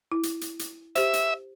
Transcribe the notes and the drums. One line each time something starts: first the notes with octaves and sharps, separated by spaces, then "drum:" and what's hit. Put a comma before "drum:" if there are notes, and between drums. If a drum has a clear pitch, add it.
E4
drum: hi-hat
drum: hi-hat
drum: hi-hat
G4 C5 E5, drum: hi-hat
drum: hi-hat